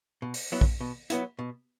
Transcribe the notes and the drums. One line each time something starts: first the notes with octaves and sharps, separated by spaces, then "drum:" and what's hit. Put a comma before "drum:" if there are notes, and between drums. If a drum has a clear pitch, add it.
B2
drum: open hi-hat
F#3 B3 E4
drum: kick
B2
F#3 B3 E4, drum: hi-hat
B2